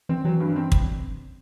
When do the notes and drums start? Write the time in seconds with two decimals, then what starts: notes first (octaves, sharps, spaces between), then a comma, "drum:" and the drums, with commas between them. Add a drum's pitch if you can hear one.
0.09 E3 C4
0.24 E3 F#3
0.40 G2
0.56 C4
0.72 drum: kick